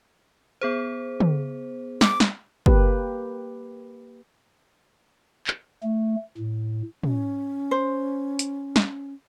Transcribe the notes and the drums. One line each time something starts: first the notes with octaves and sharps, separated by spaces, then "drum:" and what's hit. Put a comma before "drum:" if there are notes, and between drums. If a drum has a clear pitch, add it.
B3 G#4 C5
drum: tom
D6, drum: snare
drum: snare
A#3 G4 B4, drum: kick
drum: clap
A3
A2
C#4, drum: tom
C5
drum: hi-hat
drum: snare